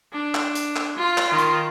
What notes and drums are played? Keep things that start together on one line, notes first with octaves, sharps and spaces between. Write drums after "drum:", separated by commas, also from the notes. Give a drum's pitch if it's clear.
D4
drum: clap
drum: hi-hat
drum: clap
F4
drum: clap
D#3 F4
drum: hi-hat